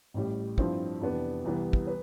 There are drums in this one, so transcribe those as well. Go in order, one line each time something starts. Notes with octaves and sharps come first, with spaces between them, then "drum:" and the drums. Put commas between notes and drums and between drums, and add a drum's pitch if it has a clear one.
A1 A2 G3
G2 F3 C4 E4, drum: kick
F2 C3 E3 B3 D4
C2 C3 E3 B3
drum: kick
B4